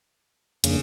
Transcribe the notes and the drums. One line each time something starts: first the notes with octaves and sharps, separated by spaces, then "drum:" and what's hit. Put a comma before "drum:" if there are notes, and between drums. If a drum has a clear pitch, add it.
F2 C#3 A#3 D4, drum: hi-hat